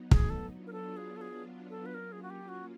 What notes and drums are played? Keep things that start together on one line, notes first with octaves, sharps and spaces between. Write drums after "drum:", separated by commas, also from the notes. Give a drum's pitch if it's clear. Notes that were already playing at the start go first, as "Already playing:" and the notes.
Already playing: F#3 B3 D#4
G#4, drum: kick
A4
F#3 B3 D4 F4
A#4
A4
G#4
A4
G#4
A4
B4
F#3 A#3 C#4 F4 A#4
G#4
F#4
G4
F#4